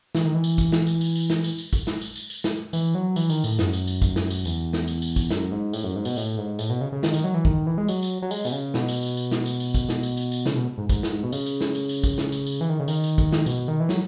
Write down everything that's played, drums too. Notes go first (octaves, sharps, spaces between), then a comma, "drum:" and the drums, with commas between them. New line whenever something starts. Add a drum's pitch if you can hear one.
E3, drum: snare
D#3
E3
drum: tambourine
drum: kick, tambourine
drum: snare
drum: tambourine
drum: tambourine
drum: tambourine
drum: snare
drum: tambourine
drum: tambourine
drum: kick, tambourine
drum: snare
drum: tambourine
drum: tambourine
drum: tambourine
drum: snare
E3, drum: tambourine
F#3
E3, drum: tambourine
D#3, drum: tambourine
A2, drum: tambourine
F#2, drum: snare
drum: tambourine
drum: tambourine
drum: kick, tambourine
drum: snare
drum: tambourine
E2, drum: tambourine
drum: snare
drum: tambourine
drum: tambourine
drum: kick, tambourine
F#2, drum: snare
G#2
A2, drum: tambourine
F#2
G#2
B2, drum: tambourine
A2, drum: tambourine
G#2
A2, drum: tambourine
B2
C#3
C#3
D#3, drum: snare
D#3, drum: tambourine
F#3
E3
D#3, drum: kick
E3
G#3
F#3, drum: tambourine
drum: tambourine
F#3
G#3, drum: tambourine
B2, drum: tambourine
C#3
B2, drum: snare
drum: tambourine
drum: tambourine
drum: tambourine
drum: snare
drum: tambourine
drum: tambourine
drum: kick, tambourine
drum: snare
drum: tambourine
drum: tambourine
drum: tambourine
C#3, drum: snare
B2
G#2
G#2, drum: kick, tambourine
drum: snare
B2
C#3, drum: tambourine
drum: tambourine
drum: snare
drum: tambourine
drum: tambourine
drum: kick, tambourine
drum: snare
drum: tambourine
drum: tambourine
E3
D#3
C#3
D#3, drum: tambourine
drum: tambourine
drum: kick, tambourine
drum: snare
B2, drum: tambourine
D#3
E3
F#3, drum: snare